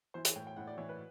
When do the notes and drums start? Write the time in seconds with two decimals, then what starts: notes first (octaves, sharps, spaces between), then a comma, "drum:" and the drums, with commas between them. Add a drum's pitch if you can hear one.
0.14 E3 C5
0.25 C#5, drum: hi-hat
0.35 A2 G5
0.47 G5
0.56 A2 F#5
0.67 D5
0.78 E3 C#5
0.89 B4